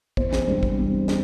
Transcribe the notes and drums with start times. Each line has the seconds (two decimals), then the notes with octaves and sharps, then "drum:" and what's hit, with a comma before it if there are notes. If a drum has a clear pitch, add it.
0.17 E2 C5, drum: kick
0.33 drum: snare
0.47 C3 G3 D4
0.63 drum: kick
0.78 E2
1.08 D4, drum: snare